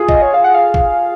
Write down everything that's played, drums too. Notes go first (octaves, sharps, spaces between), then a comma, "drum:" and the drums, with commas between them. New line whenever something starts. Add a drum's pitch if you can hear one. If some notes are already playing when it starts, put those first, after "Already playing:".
Already playing: F4 G#4
D#5, drum: kick
C#5
F5
F#5
F5
drum: kick